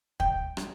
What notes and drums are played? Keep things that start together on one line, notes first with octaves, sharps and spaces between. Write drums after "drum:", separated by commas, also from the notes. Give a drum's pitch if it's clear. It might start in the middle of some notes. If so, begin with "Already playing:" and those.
G5, drum: kick
drum: rim click